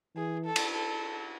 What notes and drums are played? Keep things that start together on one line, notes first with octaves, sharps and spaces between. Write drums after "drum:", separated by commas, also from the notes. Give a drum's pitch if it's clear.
E3 G#4
A4
drum: cymbal
A4